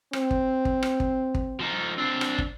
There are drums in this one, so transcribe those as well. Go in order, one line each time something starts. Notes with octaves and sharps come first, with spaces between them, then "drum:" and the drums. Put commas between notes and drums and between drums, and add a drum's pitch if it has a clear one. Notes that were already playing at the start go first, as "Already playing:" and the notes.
C4, drum: rim click
drum: kick
drum: kick
drum: rim click
drum: kick
drum: kick
F3 D#4
C4 D4
drum: rim click
drum: kick